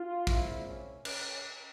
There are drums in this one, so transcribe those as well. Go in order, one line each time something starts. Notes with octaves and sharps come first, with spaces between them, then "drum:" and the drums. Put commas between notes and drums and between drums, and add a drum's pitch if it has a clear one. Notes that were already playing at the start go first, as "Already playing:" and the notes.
Already playing: F4
A#2 G#3 C4 E4, drum: kick
C#4
C#4, drum: cymbal